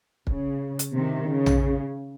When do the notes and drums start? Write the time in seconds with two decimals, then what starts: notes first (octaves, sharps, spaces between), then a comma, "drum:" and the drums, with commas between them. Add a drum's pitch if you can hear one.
0.27 C#3, drum: kick
0.79 drum: hi-hat
0.95 C3 D#3
1.28 C#3
1.46 drum: tom A#1